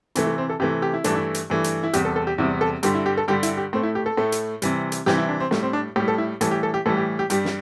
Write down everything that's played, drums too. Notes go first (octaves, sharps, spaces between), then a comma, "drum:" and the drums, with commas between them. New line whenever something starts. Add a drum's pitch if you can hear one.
C3 E3 A3, drum: hi-hat
A3
C4
A4
C3 E3 A3 G4
G4
E4
G2 E3 A3 D4, drum: hi-hat
E4
drum: hi-hat
G2 E3 A3
drum: hi-hat
E4
E2 C3 G3 G4, drum: hi-hat
A4
A4
G4
E2 C3 G3 E4
A4
G2 D3 G3 G4, drum: hi-hat
E4
G4
A4
G2 D3 G3 G4
E4, drum: hi-hat
G4
A2 A3 C4
E4
G4
A4
A2 A3
drum: hi-hat
C3 E3 G3, drum: hi-hat
drum: hi-hat
C3 E3 G3 G4, drum: snare
E4
D4
C4
A2 G3 A3, drum: snare
C4
D4
A2 G3 G4
A4
E4
A2 E3 G3 A4, drum: hi-hat
G4
A4
G4
A2 E3 G3 A4
G4
G4
G2 G3 G4, drum: hi-hat
drum: snare